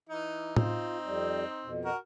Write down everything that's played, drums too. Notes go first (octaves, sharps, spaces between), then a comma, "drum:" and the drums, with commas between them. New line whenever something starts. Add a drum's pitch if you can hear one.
E3 D#4
C4 D#4 F4, drum: tom A2
F2 G3
F2 B2
F#4 A#4